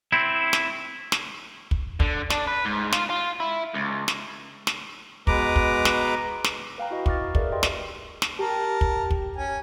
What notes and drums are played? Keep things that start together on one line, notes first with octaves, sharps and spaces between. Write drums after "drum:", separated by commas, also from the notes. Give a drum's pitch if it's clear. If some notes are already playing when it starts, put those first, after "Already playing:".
C4 E4
drum: snare
drum: snare
drum: kick
D3, drum: kick
D4, drum: snare
B4
G#2
F4, drum: snare
F4
E4
C#2
drum: snare
drum: snare
B2 G#3 B4 A#5 D6, drum: kick
drum: kick
drum: snare
drum: snare
B4 F5 G5 A#5
E4 F#4 D#5
C#6 D6 F6 A6, drum: kick
G#4 A#4 B4 D5 E5, drum: kick
G4 D5 D#5 G5 C6
drum: snare
drum: snare
G4 A#4 A5
drum: kick
drum: kick
C#4 G#5